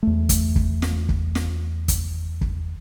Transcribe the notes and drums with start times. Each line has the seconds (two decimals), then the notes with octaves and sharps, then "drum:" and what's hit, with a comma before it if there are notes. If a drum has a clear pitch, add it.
0.03 E2 A3
0.29 drum: kick, hi-hat
0.56 drum: kick
0.82 drum: snare
1.09 drum: kick
1.35 drum: snare
1.88 drum: kick, hi-hat
2.41 drum: kick